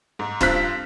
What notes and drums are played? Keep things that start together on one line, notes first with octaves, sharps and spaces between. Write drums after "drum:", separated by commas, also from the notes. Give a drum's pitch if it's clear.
G#2
G2 C4 F4 C5 F#6 B6, drum: snare